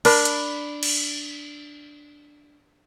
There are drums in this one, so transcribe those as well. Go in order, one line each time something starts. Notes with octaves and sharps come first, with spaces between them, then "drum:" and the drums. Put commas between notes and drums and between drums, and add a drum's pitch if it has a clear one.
D4 A#4 B5, drum: cymbal
drum: hi-hat
drum: cymbal